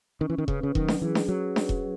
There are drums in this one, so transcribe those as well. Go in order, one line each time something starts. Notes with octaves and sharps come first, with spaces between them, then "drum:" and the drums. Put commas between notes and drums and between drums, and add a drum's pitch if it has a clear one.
D#3 C#4
E3
D#3
C#3 B4, drum: kick E1
C#3
D#3 F#3, drum: kick E1
drum: snare D4
E3 G#4
drum: snare D4
F#3 C#4
B4, drum: snare D4
drum: kick E1